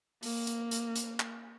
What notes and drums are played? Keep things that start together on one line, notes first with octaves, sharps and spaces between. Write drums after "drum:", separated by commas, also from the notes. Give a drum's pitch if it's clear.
A#3, drum: open hi-hat
drum: hi-hat
drum: hi-hat
drum: hi-hat
drum: clap